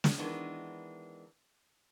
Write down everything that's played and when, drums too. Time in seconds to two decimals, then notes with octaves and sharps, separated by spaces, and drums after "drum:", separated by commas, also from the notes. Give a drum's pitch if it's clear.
0.04 drum: snare
0.18 D#3 E3 G#3 B3 D4